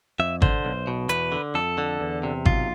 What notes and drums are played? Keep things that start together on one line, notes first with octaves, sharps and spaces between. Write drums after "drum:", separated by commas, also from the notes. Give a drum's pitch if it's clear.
F2 E5
D3 C5, drum: kick G#1
B1
B2
E2 B4, drum: hi-hat
D3
F2 A4
D3
E2
C3
B1 F4, drum: kick G#1